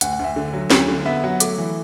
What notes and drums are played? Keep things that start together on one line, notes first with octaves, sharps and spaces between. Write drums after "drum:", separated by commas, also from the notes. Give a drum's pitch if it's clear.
D2 F#5, drum: hi-hat
F#5
D2 E5
D3
F#3
D2, drum: snare
D3
B3 E5
F#3 F#5
A3 D6, drum: hi-hat
E3